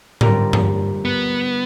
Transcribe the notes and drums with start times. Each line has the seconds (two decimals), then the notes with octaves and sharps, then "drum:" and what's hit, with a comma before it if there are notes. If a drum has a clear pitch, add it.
0.21 D3 G3 C4 F4 A#4, drum: tom G#2
0.53 drum: tom G2
1.05 B3